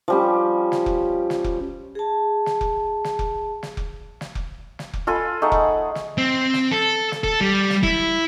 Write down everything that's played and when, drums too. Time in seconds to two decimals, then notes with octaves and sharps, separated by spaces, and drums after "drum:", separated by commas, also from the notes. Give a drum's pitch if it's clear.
0.08 F3 G3 C#4
0.72 drum: snare
0.86 drum: kick F1
1.30 drum: snare
1.44 drum: kick F1
1.95 G#4 A5
2.46 drum: snare
2.61 drum: kick F1
3.04 drum: snare
3.19 drum: kick F1
3.63 drum: snare
3.77 drum: kick F1
4.21 drum: snare
4.35 drum: kick F1
4.79 drum: snare
4.93 drum: kick F1
5.07 F4 A4 G#5 B5
5.42 A3 D#4 G#4 F#5
5.52 drum: kick F1
5.95 drum: snare
6.18 C4
6.53 drum: snare
6.71 A4
7.12 drum: snare
7.24 A4, drum: kick F1
7.41 G3
7.70 drum: snare
7.83 E4, drum: kick F1